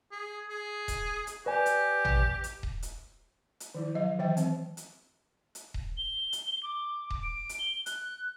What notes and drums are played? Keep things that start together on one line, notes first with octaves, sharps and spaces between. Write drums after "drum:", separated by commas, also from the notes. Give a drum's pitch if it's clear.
G#4
G#4
drum: kick D#1, hi-hat
drum: hi-hat
G4 B4 D5 G#5
drum: hi-hat
drum: tom
drum: hi-hat
drum: kick D#1
drum: hi-hat
drum: hi-hat
D#3 F3 E4
F#3 D#5 F5
D#3 E3 F#3 C5 E5 G5
G#3 C4, drum: hi-hat
drum: hi-hat
drum: hi-hat
drum: kick D#1
G7
drum: hi-hat
D6
drum: kick D#1
D7
drum: hi-hat
G7
F#6, drum: hi-hat